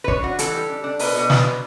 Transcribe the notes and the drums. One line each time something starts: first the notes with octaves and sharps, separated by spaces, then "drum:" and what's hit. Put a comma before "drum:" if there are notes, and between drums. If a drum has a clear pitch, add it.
B4
D4 C#5, drum: kick
D4 F#4
E3 A4, drum: hi-hat
G3
D4
D4
B2 B4, drum: open hi-hat
B2
D4, drum: snare
B2